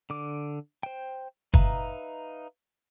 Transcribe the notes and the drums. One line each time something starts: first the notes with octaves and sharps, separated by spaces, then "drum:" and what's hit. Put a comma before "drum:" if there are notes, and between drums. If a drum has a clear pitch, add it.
D3 D6
C5 G5
D#4 B4 E5 F5 A#5, drum: kick